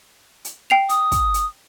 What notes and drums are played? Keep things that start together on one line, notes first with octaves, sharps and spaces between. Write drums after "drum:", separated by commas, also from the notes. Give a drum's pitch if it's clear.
drum: hi-hat
G5 C7 F7
D#6, drum: hi-hat
drum: kick, hi-hat
drum: hi-hat